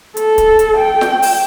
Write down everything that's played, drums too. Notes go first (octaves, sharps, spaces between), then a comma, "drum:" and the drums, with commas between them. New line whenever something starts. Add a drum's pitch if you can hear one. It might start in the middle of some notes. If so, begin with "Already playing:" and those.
A4, drum: hi-hat
drum: kick D1, hi-hat
drum: hi-hat
G5
drum: snare
drum: open hi-hat